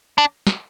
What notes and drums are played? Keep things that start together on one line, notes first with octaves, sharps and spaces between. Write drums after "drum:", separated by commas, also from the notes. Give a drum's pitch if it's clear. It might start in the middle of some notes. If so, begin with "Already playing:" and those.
D4
drum: snare